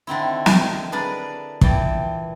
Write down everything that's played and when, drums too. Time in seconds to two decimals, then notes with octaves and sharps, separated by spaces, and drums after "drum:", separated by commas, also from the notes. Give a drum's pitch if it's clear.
0.07 D3 D#3 C4 E4
0.46 drum: snare
0.92 D4 G#4 A#4 B4 D5
1.61 A#2 E3 G5 A5, drum: kick